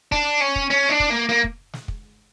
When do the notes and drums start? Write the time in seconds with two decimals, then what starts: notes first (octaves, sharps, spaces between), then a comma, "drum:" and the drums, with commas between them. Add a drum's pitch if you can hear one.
0.12 D4, drum: kick
0.41 C#4
0.56 drum: kick
0.71 C#4
0.90 D4
1.00 drum: kick
1.10 A#3
1.29 A#3
1.44 drum: kick
1.73 drum: snare
1.88 drum: kick